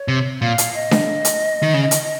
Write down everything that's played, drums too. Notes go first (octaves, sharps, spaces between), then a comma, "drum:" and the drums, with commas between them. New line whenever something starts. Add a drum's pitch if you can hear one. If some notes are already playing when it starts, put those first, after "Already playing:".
Already playing: C#5
C3
A#2 F5
drum: hi-hat
D#5
drum: snare D4
drum: hi-hat
D#3
C#3
drum: hi-hat